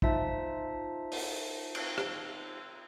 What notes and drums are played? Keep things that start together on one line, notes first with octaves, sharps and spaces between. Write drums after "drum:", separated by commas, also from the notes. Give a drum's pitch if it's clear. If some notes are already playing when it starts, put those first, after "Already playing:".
D#4 F4 C5 E5 A5, drum: kick
drum: open hi-hat
drum: cymbal
drum: rim click